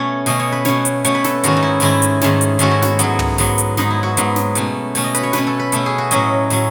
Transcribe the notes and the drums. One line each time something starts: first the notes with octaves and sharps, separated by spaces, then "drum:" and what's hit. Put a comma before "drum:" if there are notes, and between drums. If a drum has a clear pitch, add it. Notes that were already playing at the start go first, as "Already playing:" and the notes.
Already playing: B2 A3 C#4 C#5
B2 A3 C#4 D#5, drum: open hi-hat
C#5
B4
B2 A3 C#4 C#5, drum: snare
drum: hi-hat
B2 A3 C#4 C#5, drum: hi-hat
B4
A4, drum: snare
G#2 D#3 A3 C#4 F#4, drum: hi-hat
D#4
E4
G#2 D#3 A3 C#4 E4, drum: open hi-hat
drum: hi-hat
G#2 D#3 A3 C#4, drum: snare
drum: hi-hat
G#2 D#3 A3 C#4 F#4, drum: hi-hat
E4
F#4, drum: snare
G#2 F#3 B3 F#4, drum: hi-hat
drum: tom
G#2 F#3 B3, drum: open hi-hat
drum: hi-hat
G#2 F#3 B3 D#4, drum: snare
E4
F#4
G#2 F#3 B3, drum: hi-hat
drum: snare
B2 A3 C#4, drum: hi-hat
B2 A3 C#4, drum: open hi-hat
D#5
B4, drum: hi-hat
C#5
B2 A3 C#4 B4, drum: snare
A4
B4
B2 A3 C#4 A4, drum: hi-hat
G#4
F#4
A2 F#3 C#4 D#5, drum: hi-hat
A2 F#3 C#4, drum: open hi-hat